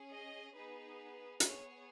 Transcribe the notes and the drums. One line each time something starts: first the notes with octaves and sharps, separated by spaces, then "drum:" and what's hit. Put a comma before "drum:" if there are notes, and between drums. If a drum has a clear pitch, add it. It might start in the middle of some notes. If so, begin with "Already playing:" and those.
Already playing: C#4 G#4
D#5
B3 D#4 G#4 B4
B3 G#4 C#5, drum: hi-hat